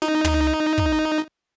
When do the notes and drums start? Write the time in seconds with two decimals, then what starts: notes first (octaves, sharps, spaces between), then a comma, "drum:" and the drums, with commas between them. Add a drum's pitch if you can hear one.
0.02 D#4, drum: snare
0.24 drum: tom
0.78 drum: kick